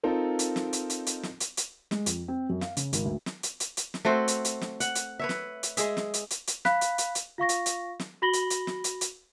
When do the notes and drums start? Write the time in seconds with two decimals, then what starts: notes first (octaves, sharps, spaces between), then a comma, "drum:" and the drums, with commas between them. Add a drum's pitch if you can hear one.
0.03 C4 D#4 F4 A4 A#4
0.39 drum: hi-hat
0.56 drum: snare
0.73 drum: hi-hat
0.90 drum: hi-hat
1.06 drum: hi-hat
1.23 drum: snare
1.40 drum: hi-hat
1.57 drum: hi-hat
1.91 G#3, drum: snare
2.06 F2, drum: hi-hat
2.28 C4
2.49 F#2
2.61 F5, drum: snare
2.77 C#3, drum: hi-hat
2.93 G#1, drum: hi-hat
3.05 D2
3.26 drum: snare
3.43 drum: hi-hat
3.60 drum: hi-hat
3.77 drum: hi-hat
3.94 drum: snare
4.05 A3 C4 F#4 C5
4.28 drum: hi-hat
4.45 drum: hi-hat
4.61 drum: snare
4.80 F#5, drum: hi-hat
4.95 drum: hi-hat
5.19 B4 C#5 E5
5.29 drum: snare
5.63 drum: hi-hat
5.77 G#3 G#4 E5, drum: hi-hat
5.97 drum: snare
6.14 drum: hi-hat
6.30 drum: hi-hat
6.47 drum: hi-hat
6.65 F5 B5 F#6 B6, drum: snare
6.81 drum: hi-hat
6.98 drum: hi-hat
7.15 drum: hi-hat
7.38 F4 F5 C#6 A#6
7.49 drum: hi-hat
7.66 drum: hi-hat
8.00 drum: snare
8.22 F#4 B5 A#6 F#7 G7
8.33 drum: hi-hat
8.50 drum: hi-hat
8.67 drum: snare
8.84 drum: hi-hat
9.01 drum: hi-hat